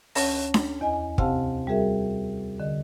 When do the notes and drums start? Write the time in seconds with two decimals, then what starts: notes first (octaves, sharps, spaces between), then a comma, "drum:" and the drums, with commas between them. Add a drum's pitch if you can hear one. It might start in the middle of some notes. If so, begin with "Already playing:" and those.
0.15 D2 C#4 C#5 A5 A#6, drum: open hi-hat
0.33 C#5
0.54 drum: snare D4
0.81 E2 D#5 G#5
1.18 D2 C3 C4 G4 F5 A5, drum: kick
1.67 G3 F#4 G#4 A#4 E5
2.60 D3 D#5